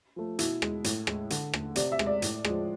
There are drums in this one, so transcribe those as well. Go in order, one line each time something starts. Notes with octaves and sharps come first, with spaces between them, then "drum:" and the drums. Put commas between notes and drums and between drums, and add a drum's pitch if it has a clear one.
F3 A3
B2 E4, drum: hi-hat
G#3, drum: rim click
A2, drum: hi-hat
G#3, drum: rim click
D3, drum: hi-hat
A3, drum: rim click
C3 D5, drum: hi-hat
E5
G#3, drum: rim click
D5
A2, drum: hi-hat
F3 G#3, drum: rim click